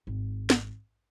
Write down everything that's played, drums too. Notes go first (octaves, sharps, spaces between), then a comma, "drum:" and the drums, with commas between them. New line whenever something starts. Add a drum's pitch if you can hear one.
G#1
drum: snare